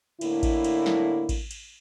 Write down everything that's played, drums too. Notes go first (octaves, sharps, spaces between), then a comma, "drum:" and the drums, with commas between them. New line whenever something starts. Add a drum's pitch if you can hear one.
A2 D3 A#3 E4, drum: cymbal
drum: kick A1, cymbal
drum: cymbal
drum: snare
drum: kick A1, cymbal
drum: cymbal